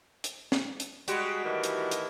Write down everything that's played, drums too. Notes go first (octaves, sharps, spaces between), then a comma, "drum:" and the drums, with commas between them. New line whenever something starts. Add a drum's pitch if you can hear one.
drum: hi-hat
drum: snare
drum: hi-hat
G3 G#3 F#4 G4, drum: hi-hat
A2 D#3 E3
drum: hi-hat
drum: hi-hat